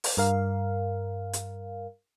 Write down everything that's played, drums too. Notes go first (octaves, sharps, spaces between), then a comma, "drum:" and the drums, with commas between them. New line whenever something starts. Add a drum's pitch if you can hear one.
drum: open hi-hat
G2 A#4 F5
drum: hi-hat